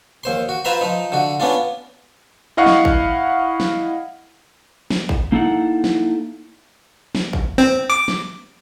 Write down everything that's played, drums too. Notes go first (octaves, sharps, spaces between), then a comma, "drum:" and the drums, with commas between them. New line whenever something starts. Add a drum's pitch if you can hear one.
D#2 C5 C6
F#4
F4 B4 C5 E5 A#5 C6
F3 D#4
D3 F#4
B3 C#4 D4 F4
E4 D#5 F5 F#5 C#6
drum: snare
drum: kick
drum: snare
drum: snare
drum: kick
A#3 D#4 E4 A4 F#5
drum: snare
drum: snare
drum: kick
C4
D6
drum: snare